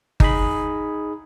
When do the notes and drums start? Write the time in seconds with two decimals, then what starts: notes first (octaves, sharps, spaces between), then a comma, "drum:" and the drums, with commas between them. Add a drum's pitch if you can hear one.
0.20 D#4 G#4 B5, drum: kick G1